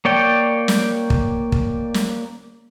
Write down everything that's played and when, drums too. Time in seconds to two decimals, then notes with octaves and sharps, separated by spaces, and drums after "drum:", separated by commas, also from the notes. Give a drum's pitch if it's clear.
0.05 A#3 C#5 D5 G5
0.68 drum: snare
1.10 drum: kick
1.52 drum: kick
1.94 drum: snare